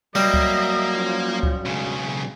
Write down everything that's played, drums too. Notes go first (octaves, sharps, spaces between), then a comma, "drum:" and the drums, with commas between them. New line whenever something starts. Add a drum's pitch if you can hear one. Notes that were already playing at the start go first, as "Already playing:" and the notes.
F#3 G3 A#3 D#5 E5
drum: kick C#2
F3 C#4
drum: kick C#2
B1 C#3 G#3